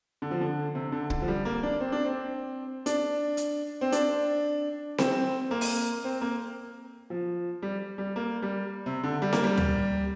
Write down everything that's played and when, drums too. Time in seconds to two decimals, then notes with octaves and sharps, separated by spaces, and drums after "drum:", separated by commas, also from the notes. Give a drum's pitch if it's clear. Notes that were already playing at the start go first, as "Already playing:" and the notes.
0.22 D3
0.31 F3
0.41 D3
0.75 C3
0.92 D3
1.10 D3, drum: kick
1.22 F3
1.28 G3
1.45 A#3
1.63 D4
1.80 C4
1.92 D4
2.05 C4
2.86 D4, drum: hi-hat
3.37 drum: hi-hat
3.81 C4
3.92 D4, drum: hi-hat
4.98 C4, drum: snare C4
5.51 A#3
5.61 drum: open hi-hat
6.04 C4
6.21 A#3
7.10 F3
7.62 G3
7.98 G3
8.16 A#3
8.42 G3
8.86 C3
9.04 D3
9.22 G3
9.33 A#3, drum: snare C4
9.44 G3
9.57 drum: tom D2